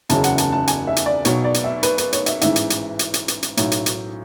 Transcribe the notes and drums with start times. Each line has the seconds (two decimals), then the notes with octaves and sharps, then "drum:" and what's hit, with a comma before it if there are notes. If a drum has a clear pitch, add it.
0.09 F#1 E2 C#3 F#3 A5, drum: hi-hat
0.24 F#5, drum: hi-hat
0.38 A5, drum: hi-hat
0.52 A5
0.67 G#5, drum: hi-hat
0.87 E5
0.96 drum: hi-hat
1.06 D5
1.25 B1 B2 F#3 C#5, drum: hi-hat
1.44 D5
1.54 drum: hi-hat
1.64 E5
1.83 B4, drum: hi-hat
1.98 B4, drum: hi-hat
2.13 C#5, drum: hi-hat
2.26 E5, drum: hi-hat
2.41 A1 G#2 E3 E5, drum: hi-hat
2.56 drum: hi-hat
2.70 drum: hi-hat
2.99 drum: hi-hat
3.14 drum: hi-hat
3.28 drum: hi-hat
3.43 drum: hi-hat
3.57 B1 A2 F#3, drum: hi-hat
3.72 drum: hi-hat
3.86 drum: hi-hat